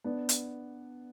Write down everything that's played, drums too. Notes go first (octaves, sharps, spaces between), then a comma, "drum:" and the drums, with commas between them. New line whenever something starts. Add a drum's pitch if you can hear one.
B3 D4
drum: hi-hat